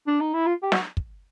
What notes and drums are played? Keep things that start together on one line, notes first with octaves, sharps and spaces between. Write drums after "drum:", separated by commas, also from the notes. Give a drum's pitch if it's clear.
D4
D#4
E4
F4
G4
F#4, drum: snare
drum: kick